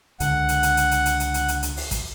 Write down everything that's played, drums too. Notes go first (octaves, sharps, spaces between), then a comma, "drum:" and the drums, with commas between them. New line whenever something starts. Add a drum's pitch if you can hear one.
C#2 D3 F#5, drum: hi-hat
drum: hi-hat
drum: hi-hat
drum: hi-hat
drum: hi-hat
drum: hi-hat
drum: hi-hat
drum: hi-hat
drum: hi-hat
drum: hi-hat
drum: open hi-hat
drum: kick G#1, hi-hat